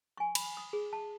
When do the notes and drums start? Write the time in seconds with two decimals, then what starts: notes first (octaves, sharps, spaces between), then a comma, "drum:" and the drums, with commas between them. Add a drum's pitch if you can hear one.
0.17 G#5 C#6
0.35 B5, drum: cymbal
0.57 D#6
0.73 G#4
0.93 A5